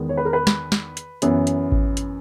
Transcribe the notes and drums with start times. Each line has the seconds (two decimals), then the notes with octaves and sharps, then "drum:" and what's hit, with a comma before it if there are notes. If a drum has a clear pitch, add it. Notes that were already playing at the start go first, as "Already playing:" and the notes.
Already playing: E2 D#3 G#3 B3
0.09 C#5
0.17 B4
0.25 A#4
0.33 B4
0.47 drum: snare
0.72 drum: snare
0.97 drum: hi-hat
1.22 F#2 E3 B3, drum: hi-hat
1.47 drum: hi-hat
1.72 drum: kick G#1
1.97 drum: hi-hat